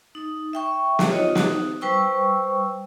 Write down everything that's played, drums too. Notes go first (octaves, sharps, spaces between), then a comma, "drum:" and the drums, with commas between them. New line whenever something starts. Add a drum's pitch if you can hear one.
D#4
E5 G5 C#6
drum: snare
D#4 F4 F#4 C#5 D#5
D#4 F#4, drum: snare
G3 B4 C5 G5 C#6 E6